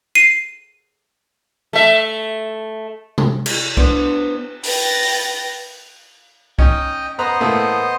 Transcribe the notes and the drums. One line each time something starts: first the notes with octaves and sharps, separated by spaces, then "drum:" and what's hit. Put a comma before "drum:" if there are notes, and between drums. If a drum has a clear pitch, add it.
C7 D#7
A3 E5
drum: tom C3
drum: cymbal
B3 D4 C5, drum: kick
B4 G5 A6 A#6, drum: open hi-hat
drum: open hi-hat
C#4 D#4 D#5 G5, drum: kick
B3 B4 C5 D#5 A#5 B5
A2 A3 A#3